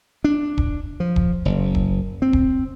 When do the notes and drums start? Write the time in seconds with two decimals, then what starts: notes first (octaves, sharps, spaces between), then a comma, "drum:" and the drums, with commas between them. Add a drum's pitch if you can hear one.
0.24 D4
0.58 drum: kick
1.00 F3
1.16 drum: kick
1.45 F#1
1.75 drum: kick
2.22 C4
2.33 drum: kick